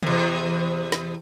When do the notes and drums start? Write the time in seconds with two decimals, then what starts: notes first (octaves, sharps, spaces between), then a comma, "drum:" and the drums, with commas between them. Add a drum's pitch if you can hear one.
0.03 E2 C3, drum: tom
0.92 drum: snare